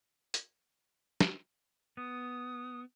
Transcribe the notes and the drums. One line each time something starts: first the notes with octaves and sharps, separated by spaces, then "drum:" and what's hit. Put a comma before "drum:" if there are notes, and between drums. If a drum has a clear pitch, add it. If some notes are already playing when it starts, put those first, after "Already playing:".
drum: hi-hat
drum: snare
B3 D#6